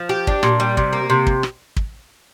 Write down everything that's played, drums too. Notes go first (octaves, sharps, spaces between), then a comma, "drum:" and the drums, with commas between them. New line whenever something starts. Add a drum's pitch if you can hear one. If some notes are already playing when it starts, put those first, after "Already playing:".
Already playing: F3
G4
D4, drum: kick
A#2, drum: rim click
G3
C3, drum: kick
A#3
C3
drum: kick
drum: rim click
drum: kick